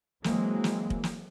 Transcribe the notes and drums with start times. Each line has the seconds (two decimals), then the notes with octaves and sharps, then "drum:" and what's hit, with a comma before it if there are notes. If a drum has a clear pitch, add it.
0.24 E3 F#3 G#3 A#3 C4, drum: snare
0.64 drum: snare
0.90 drum: kick
1.04 drum: snare